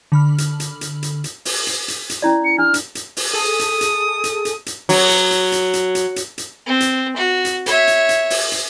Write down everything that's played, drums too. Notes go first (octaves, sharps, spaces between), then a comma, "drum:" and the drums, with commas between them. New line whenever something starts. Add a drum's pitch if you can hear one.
D3 B5 F6
drum: hi-hat
drum: hi-hat
drum: hi-hat
drum: hi-hat
drum: hi-hat
drum: open hi-hat
drum: hi-hat
drum: hi-hat
drum: hi-hat
C#4 E4 D5
C#7
D4 F6
drum: hi-hat
drum: hi-hat
drum: open hi-hat
G#4 A4 D#6
drum: hi-hat
drum: hi-hat
drum: hi-hat
drum: hi-hat
drum: hi-hat
F#3, drum: open hi-hat
drum: hi-hat
drum: hi-hat
drum: hi-hat
drum: hi-hat
drum: hi-hat
drum: hi-hat
drum: hi-hat
C4
drum: hi-hat
F#4
drum: hi-hat
C#5 E5, drum: hi-hat
drum: hi-hat
drum: hi-hat
drum: open hi-hat
drum: hi-hat